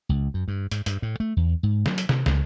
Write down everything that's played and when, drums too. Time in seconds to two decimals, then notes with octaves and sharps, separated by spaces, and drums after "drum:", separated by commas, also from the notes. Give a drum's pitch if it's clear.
0.09 C#2
0.34 F#2
0.48 G2
0.71 G#2, drum: hi-hat
0.86 G2, drum: hi-hat
1.02 A2
1.20 A3
1.37 E2
1.63 G#2
1.86 F#3, drum: snare
1.98 drum: hi-hat
2.09 C3, drum: snare
2.26 C#2, drum: snare